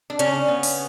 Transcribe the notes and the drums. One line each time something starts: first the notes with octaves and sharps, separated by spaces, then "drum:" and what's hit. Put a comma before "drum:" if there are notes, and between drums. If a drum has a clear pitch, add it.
D4
C#3 C#4, drum: hi-hat
B3
drum: open hi-hat